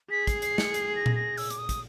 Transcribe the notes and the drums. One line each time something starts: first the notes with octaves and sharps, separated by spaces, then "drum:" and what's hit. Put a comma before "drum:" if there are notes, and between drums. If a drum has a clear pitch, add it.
G#4 B6
C7, drum: kick, hi-hat
C7, drum: hi-hat
C#7, drum: snare
C7, drum: hi-hat
A#6
drum: tom A#2
A#6
E6, drum: open hi-hat
D6, drum: hi-hat
D#6
drum: kick, hi-hat